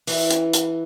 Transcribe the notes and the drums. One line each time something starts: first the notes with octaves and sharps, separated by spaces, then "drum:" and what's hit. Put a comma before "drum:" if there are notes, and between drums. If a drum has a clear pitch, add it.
E3, drum: open hi-hat
drum: hi-hat
drum: hi-hat